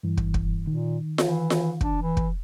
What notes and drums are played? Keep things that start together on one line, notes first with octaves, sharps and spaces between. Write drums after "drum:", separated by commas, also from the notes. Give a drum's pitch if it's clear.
G2 E3
drum: kick
drum: kick
A#2 D#3
E3, drum: snare F4
drum: snare F4
D4, drum: kick
E3
drum: kick